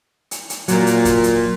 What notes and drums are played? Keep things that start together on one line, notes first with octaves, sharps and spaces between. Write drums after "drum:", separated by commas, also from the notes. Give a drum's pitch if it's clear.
drum: hi-hat
drum: hi-hat
A#2 F#3, drum: hi-hat
drum: hi-hat
drum: kick, hi-hat
drum: hi-hat